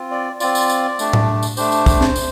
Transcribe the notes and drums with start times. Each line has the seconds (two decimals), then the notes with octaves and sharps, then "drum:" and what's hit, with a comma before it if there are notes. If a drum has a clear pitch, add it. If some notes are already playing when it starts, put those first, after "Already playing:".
Already playing: C4 F4
0.11 D5
0.40 C4 F4 D5, drum: tambourine
0.55 drum: tambourine
0.70 drum: tambourine
0.99 A3 D4 G4, drum: tambourine
1.13 drum: tom A2
1.43 drum: tambourine
1.57 A3 D4 G4 C5, drum: tambourine
1.72 drum: tambourine
1.86 drum: kick, tambourine
2.01 drum: snare
2.16 drum: tambourine